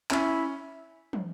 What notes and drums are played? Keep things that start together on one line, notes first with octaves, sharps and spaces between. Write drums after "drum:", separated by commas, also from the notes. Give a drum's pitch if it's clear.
C#4 E4, drum: clap
drum: tom